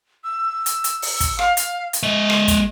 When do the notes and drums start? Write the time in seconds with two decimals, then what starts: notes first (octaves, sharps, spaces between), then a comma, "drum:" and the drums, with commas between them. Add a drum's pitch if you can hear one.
0.24 E6
0.66 drum: hi-hat
0.84 drum: hi-hat
1.02 drum: open hi-hat
1.20 drum: kick, hi-hat
1.39 F5, drum: rim click
1.57 drum: hi-hat
1.93 drum: hi-hat
2.03 G#3 D#5 E5
2.30 drum: rim click
2.48 drum: kick, hi-hat